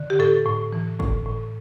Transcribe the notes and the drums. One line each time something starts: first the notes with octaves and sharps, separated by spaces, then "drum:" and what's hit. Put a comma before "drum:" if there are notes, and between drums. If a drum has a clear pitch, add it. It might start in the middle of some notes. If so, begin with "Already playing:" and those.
Already playing: D3
G4
A2 A4
A2
E3
A2, drum: kick G1
A2